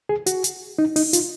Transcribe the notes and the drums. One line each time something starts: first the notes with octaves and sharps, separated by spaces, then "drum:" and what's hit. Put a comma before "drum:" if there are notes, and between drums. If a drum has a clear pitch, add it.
G#4
F#4, drum: hi-hat
drum: hi-hat
D#4
D#4, drum: open hi-hat
F4, drum: hi-hat